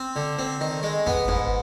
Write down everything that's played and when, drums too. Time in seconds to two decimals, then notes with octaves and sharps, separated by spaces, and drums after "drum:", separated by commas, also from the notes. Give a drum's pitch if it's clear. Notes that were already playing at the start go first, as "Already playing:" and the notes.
Already playing: C4
0.16 D3
0.39 C4
0.61 D#3
0.83 G#3
1.06 B3, drum: kick
1.28 G#2, drum: kick